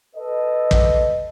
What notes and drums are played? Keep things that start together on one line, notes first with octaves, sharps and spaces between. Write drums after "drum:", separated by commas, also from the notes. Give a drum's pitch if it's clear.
A4 B4 D#5
drum: kick